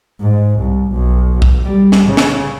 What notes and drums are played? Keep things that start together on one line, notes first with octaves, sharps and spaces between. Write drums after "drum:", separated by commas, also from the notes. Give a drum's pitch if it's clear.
G#2
C2
B1
drum: kick
G3
drum: snare
C#3
drum: snare